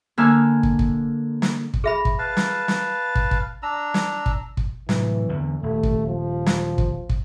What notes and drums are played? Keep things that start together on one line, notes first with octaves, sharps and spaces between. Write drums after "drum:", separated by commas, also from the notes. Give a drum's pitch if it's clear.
D3 A#3 E5 G#5 F6
drum: kick
drum: kick
drum: snare
drum: kick
G#4 E5 B5
drum: kick
B4 F5 A5
drum: snare
drum: snare
drum: kick
drum: kick
D4 A#5 E6
drum: snare
drum: kick
drum: kick
A2 C3 E3 F#3, drum: snare
E2 D3
D#1 A3
drum: kick
F3
drum: snare
drum: kick
drum: kick